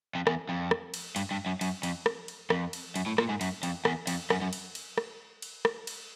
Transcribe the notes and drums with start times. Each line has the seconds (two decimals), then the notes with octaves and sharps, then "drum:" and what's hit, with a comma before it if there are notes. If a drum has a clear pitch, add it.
0.15 F2
0.27 E2, drum: rim click
0.49 F2
0.71 drum: rim click
0.94 drum: cymbal
1.16 G2, drum: cymbal
1.31 G2
1.46 F#2
1.61 F#2, drum: cymbal
1.83 F2, drum: cymbal
2.06 drum: rim click
2.28 drum: cymbal
2.50 F2, drum: rim click
2.73 drum: cymbal
2.96 F#2, drum: cymbal
3.06 A2
3.18 A#2, drum: rim click
3.29 G#2
3.41 F#2, drum: cymbal
3.63 F2, drum: cymbal
3.85 E2, drum: rim click
4.07 F2, drum: cymbal
4.30 F#2, drum: rim click
4.42 F#2
4.53 drum: cymbal
4.75 drum: cymbal
4.98 drum: rim click
5.42 drum: cymbal
5.65 drum: rim click
5.87 drum: cymbal